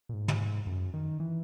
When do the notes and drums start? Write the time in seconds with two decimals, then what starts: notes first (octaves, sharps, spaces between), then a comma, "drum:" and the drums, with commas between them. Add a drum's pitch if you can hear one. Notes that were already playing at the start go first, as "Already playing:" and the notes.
0.09 A#2
0.13 G#2
0.28 drum: tom
0.67 F#2
0.94 D#3
1.20 E3